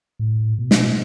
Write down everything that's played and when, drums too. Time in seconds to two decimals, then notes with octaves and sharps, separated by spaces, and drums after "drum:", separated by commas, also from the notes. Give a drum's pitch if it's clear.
0.19 A2
0.58 B2
0.71 drum: snare